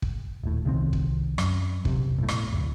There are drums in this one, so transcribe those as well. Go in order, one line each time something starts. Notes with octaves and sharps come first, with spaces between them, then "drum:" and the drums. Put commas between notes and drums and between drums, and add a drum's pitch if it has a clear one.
drum: kick
D#1 A2
C2 D#3 C4
drum: kick
F#2, drum: rim click
E1 C3, drum: kick
B1 A2
drum: rim click
D1 G1